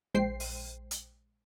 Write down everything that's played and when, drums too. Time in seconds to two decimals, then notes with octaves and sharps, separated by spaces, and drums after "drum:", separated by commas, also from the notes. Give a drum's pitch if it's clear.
0.14 A#1 G#3 C5 G5 C7
0.40 drum: open hi-hat
0.91 drum: hi-hat